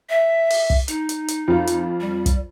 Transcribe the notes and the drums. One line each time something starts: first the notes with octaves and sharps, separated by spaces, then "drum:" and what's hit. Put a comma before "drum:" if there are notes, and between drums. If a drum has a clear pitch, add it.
E5
drum: open hi-hat
drum: kick
D#4, drum: hi-hat
drum: hi-hat
drum: hi-hat
F2 F4
drum: hi-hat
G3
drum: kick, hi-hat